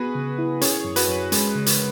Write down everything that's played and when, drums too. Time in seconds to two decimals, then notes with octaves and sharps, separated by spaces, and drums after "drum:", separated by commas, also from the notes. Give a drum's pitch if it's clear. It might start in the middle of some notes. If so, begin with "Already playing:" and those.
Already playing: B3 F#4 G#4 B4
0.15 C#3
0.38 E4
0.61 C#4 G#4 C#5, drum: hi-hat
0.85 F#2
0.96 F#4 B4, drum: hi-hat
1.08 F#2
1.32 G#3 C#4, drum: hi-hat
1.55 C#3
1.66 drum: hi-hat